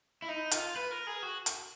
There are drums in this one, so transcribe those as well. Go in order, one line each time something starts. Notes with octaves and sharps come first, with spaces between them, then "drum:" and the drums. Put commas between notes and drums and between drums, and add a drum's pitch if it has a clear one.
E4
D#4
F4, drum: hi-hat
B4
A#4
G#4
F#4
drum: hi-hat